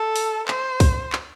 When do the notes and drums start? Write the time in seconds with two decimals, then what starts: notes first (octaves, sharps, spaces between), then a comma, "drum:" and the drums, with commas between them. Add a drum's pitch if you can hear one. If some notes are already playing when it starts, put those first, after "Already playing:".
Already playing: A4
0.16 drum: open hi-hat
0.48 C5, drum: clap
0.80 drum: kick, open hi-hat
1.12 drum: clap